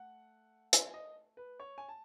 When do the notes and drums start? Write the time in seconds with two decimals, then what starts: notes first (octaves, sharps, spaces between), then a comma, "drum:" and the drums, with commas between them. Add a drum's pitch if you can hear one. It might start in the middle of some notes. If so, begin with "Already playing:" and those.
Already playing: A3 F#5
0.73 G#5, drum: hi-hat
0.94 D#5
1.37 B4
1.60 C#5
1.78 G#5
1.89 A5